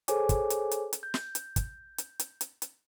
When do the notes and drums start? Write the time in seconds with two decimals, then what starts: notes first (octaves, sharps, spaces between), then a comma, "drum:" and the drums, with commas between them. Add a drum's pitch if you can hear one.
0.08 G#4 A4 C5 C#5 G#5 D6, drum: hi-hat
0.29 drum: kick, hi-hat
0.50 drum: hi-hat
0.71 drum: hi-hat
0.93 drum: hi-hat
1.03 G6
1.14 drum: snare
1.35 drum: hi-hat
1.56 drum: kick, hi-hat
1.98 drum: hi-hat
2.20 drum: hi-hat
2.41 drum: hi-hat
2.62 drum: hi-hat